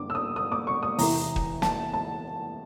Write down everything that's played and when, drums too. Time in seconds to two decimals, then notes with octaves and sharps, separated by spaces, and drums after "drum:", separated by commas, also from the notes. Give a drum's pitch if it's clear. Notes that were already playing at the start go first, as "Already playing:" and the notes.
Already playing: G2 D3 G3 D6
0.10 E6
0.15 D#6
0.36 D#6
0.52 D6
0.67 C#6
0.83 D#6
0.99 E2 C3 E3 A#5, drum: open hi-hat
1.36 drum: kick
1.62 A5, drum: snare
1.93 A5